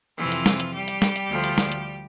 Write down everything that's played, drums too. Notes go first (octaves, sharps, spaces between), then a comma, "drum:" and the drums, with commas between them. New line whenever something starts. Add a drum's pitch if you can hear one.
F2 C3 E3 F3 F4
drum: hi-hat
drum: snare
drum: hi-hat
G3 G4
drum: hi-hat
drum: snare
drum: hi-hat
D2 D3 F3
drum: hi-hat
drum: snare
drum: hi-hat